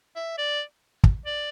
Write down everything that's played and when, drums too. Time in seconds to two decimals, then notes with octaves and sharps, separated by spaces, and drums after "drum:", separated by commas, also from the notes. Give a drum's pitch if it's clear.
0.16 E5
0.38 D5
1.04 drum: kick
1.26 D5